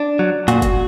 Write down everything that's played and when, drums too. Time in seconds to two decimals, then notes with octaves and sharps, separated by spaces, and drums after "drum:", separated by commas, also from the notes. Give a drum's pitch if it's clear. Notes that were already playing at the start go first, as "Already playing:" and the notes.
Already playing: D4
0.19 F#3
0.48 A#2 F#4, drum: hi-hat
0.62 drum: kick F#1, hi-hat